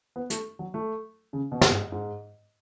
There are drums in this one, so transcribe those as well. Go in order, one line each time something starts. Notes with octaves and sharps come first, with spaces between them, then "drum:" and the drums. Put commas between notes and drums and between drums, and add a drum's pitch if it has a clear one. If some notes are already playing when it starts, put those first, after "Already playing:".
B3
A3, drum: hi-hat
F#3
A3
C#3
B2
drum: snare
G#2
G#2